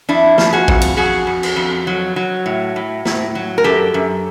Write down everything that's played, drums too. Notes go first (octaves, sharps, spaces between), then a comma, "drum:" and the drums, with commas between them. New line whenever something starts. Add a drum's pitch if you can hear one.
F2 D4 E4
F3, drum: snare
F#4 G#4
F2, drum: kick A1
drum: cymbal
F2 F#4 G#4
F2
drum: cymbal
F2
F#3
F#3
A2
A2
A2, drum: snare
F#3
A#4
F#2 G4 A4
F#2